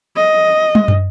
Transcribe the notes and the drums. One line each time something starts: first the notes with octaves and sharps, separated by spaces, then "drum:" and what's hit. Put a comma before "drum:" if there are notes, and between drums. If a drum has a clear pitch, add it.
D#5
drum: tom
drum: tom